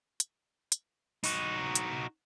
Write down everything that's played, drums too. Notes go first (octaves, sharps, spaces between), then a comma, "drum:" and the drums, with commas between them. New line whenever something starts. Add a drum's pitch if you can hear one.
drum: hi-hat
drum: hi-hat
D#4 F#4, drum: open hi-hat
drum: hi-hat